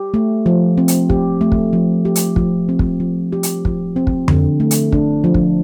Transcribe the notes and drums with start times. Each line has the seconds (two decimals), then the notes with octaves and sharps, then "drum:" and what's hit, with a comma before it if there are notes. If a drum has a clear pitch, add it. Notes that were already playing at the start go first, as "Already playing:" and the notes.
Already playing: G4
0.14 A3
0.46 F3
0.78 C4
0.88 drum: hi-hat
1.10 G4, drum: kick
1.41 A3
1.52 drum: kick
1.73 F3
2.05 G4
2.15 drum: hi-hat
2.36 F3, drum: kick
2.69 C4
2.79 drum: kick
3.00 F3
3.32 G4
3.43 drum: hi-hat
3.65 F3, drum: kick
3.96 C4
4.07 drum: kick
4.28 D3, drum: tom F2
4.60 A3
4.71 drum: hi-hat
4.92 D4, drum: kick
5.24 F3
5.34 drum: kick